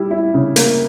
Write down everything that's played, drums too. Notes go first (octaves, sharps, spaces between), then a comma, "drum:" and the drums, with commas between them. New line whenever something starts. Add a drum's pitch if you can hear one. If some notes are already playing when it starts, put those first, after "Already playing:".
Already playing: G3 E4
E4
C#3
A#3, drum: hi-hat